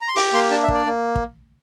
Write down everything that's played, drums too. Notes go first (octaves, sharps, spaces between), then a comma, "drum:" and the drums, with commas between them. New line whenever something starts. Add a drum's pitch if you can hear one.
A#5
C6
G4 D6, drum: open hi-hat
A#3 C6
D4 A5
E5
A#3, drum: kick
D5
A#3
drum: kick